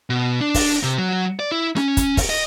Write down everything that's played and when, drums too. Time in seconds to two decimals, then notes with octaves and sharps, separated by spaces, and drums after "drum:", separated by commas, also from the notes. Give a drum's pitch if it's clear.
0.10 B2
0.41 D4
0.54 drum: kick, open hi-hat
0.83 C3
0.98 F#3
1.39 D5
1.52 E4
1.77 C#4, drum: rim click
1.97 drum: kick, hi-hat
2.17 drum: kick, open hi-hat
2.30 D#5